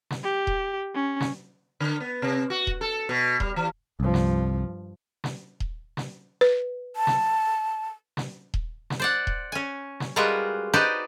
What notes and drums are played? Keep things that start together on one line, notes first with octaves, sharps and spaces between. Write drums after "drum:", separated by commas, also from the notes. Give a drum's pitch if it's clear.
drum: snare
G4
drum: kick D#1
C#4
drum: snare
D3
B3
C3
F#4
drum: kick D#1
A4
B2
G3, drum: kick D#1
E3
C2 G2 F3
drum: snare
drum: snare
drum: kick D#1
drum: snare
B4
A5
drum: snare
drum: snare
drum: kick D#1
drum: snare
C5 D5 F#5
drum: kick D#1
C#4 G#5
drum: snare
G3 G#3 F4 F#4 A#4 B4
D#4 F#4 G4 B4 C5 D5